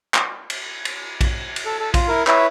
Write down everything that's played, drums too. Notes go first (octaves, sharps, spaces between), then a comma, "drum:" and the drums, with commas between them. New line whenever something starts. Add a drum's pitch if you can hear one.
drum: clap
drum: cymbal
drum: cymbal
drum: kick A#1, cymbal
drum: cymbal
A4
A4
F4, drum: kick A#1, cymbal
E4 A#4
E4 B4 C#5 E5, drum: clap